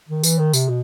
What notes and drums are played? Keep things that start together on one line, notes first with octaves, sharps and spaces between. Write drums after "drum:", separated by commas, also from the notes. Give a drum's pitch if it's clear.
D#3
E3, drum: tambourine
D#3
C3, drum: tambourine
B2